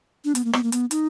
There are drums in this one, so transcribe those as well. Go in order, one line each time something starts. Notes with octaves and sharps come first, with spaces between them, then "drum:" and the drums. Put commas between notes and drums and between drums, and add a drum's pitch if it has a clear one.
D4
B3, drum: hi-hat
A#3
B3, drum: rim click
A#3
B3, drum: hi-hat
D#4, drum: hi-hat